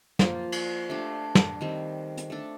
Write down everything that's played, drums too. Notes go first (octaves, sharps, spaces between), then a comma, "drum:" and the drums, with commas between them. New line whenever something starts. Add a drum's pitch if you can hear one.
F3 A#3 F4, drum: snare
drum: cymbal
A3 D4 G4
drum: snare
D#3 G3 C4
drum: hi-hat
A3 D4 A4